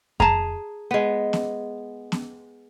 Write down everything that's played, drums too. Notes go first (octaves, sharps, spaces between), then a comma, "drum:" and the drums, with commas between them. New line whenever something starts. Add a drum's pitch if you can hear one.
G#4 A5 A#5, drum: kick F2
G#3 B3
drum: snare B3
drum: snare B3